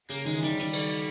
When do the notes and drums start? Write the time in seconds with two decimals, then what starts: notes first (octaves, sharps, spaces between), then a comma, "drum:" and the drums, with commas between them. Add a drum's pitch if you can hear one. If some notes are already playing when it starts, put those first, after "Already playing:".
0.09 C#3 A#3
0.25 D#3 G#3
0.34 E3
0.42 D#3 G3
0.51 C#3
0.59 D#3, drum: hi-hat
0.73 drum: cymbal